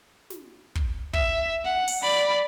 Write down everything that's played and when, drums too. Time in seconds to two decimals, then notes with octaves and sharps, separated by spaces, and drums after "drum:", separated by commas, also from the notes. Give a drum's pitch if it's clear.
0.30 drum: snare
0.76 drum: kick
1.14 E5, drum: kick
1.65 F#5
1.88 drum: open hi-hat
2.03 D5 B5